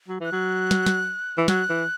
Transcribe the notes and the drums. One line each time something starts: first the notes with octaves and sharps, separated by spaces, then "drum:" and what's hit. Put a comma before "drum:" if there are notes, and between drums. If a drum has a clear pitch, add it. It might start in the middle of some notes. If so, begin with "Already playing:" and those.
F#3
E3 F#6
F#3
drum: snare
drum: snare
E3
F#3 F#6, drum: snare
E3